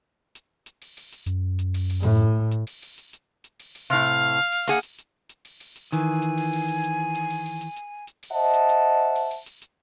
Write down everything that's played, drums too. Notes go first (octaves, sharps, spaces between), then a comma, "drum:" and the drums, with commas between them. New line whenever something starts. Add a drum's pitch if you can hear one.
drum: hi-hat
drum: hi-hat
drum: open hi-hat
drum: open hi-hat
drum: hi-hat
F#2, drum: hi-hat
drum: hi-hat
drum: open hi-hat
drum: open hi-hat
A2, drum: hi-hat
drum: hi-hat
drum: open hi-hat
drum: open hi-hat
drum: hi-hat
drum: hi-hat
drum: hi-hat
drum: open hi-hat
drum: open hi-hat
A2 C3 F5, drum: hi-hat
drum: hi-hat
drum: open hi-hat
A#3 G#4 F#5, drum: open hi-hat
drum: hi-hat
drum: hi-hat
drum: hi-hat
drum: open hi-hat
drum: open hi-hat
drum: hi-hat
D#3 E3 G#5, drum: hi-hat
drum: hi-hat
drum: open hi-hat
drum: open hi-hat
drum: hi-hat
drum: hi-hat
drum: hi-hat
drum: open hi-hat
drum: open hi-hat
drum: hi-hat
drum: hi-hat
drum: hi-hat
drum: open hi-hat
C5 D#5 E5 F#5 A5
drum: hi-hat
drum: hi-hat
drum: open hi-hat
drum: open hi-hat
drum: hi-hat
drum: hi-hat